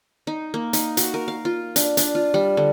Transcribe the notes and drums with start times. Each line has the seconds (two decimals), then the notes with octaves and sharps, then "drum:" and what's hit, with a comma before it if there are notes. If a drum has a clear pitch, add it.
0.27 D#4
0.54 A#3
0.73 D#4, drum: hi-hat
0.97 F#4, drum: hi-hat
1.14 A#4
1.28 F5
1.45 F4
1.76 D4, drum: hi-hat
1.97 D4, drum: hi-hat
2.15 F4
2.34 G3
2.57 D3